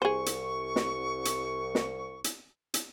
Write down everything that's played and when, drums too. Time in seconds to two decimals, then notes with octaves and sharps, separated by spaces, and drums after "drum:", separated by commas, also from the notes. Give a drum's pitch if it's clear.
0.02 C2 G#4 C5 C#6
0.26 drum: hi-hat
0.76 drum: snare
1.25 drum: hi-hat
1.75 drum: snare
2.24 drum: hi-hat
2.74 drum: hi-hat